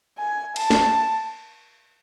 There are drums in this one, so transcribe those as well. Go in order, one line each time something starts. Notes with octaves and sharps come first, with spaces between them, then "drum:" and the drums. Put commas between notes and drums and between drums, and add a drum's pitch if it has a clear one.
G#5
A5, drum: cymbal
drum: snare